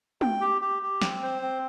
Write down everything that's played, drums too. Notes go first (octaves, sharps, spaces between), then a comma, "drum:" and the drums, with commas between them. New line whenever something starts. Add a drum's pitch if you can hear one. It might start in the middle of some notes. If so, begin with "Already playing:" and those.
G5, drum: tom
G4
G4
G4
C4, drum: snare
C5
C4